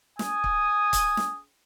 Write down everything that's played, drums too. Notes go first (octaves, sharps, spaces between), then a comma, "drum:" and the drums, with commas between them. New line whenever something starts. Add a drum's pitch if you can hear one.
G#5 D#6, drum: snare
drum: kick C#1
drum: kick C#1, hi-hat
drum: snare